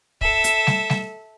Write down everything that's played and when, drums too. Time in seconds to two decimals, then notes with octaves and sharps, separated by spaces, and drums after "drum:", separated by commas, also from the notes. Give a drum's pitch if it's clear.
0.21 A4 E5, drum: kick
0.44 drum: hi-hat
0.67 drum: snare
0.90 drum: snare